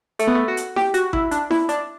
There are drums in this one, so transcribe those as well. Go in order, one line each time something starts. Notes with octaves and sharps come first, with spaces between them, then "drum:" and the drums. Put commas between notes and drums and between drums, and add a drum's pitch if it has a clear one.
A3, drum: hi-hat
B3
A3
F#4
drum: hi-hat
G4, drum: snare E4
F#4, drum: hi-hat
E4, drum: kick G#1
D4, drum: hi-hat
E4, drum: snare E4
D4, drum: hi-hat